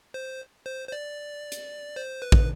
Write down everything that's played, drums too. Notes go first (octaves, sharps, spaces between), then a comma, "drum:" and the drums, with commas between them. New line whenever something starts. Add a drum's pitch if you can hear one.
C5
C5
C5
D5
drum: hi-hat
C5
B4
drum: kick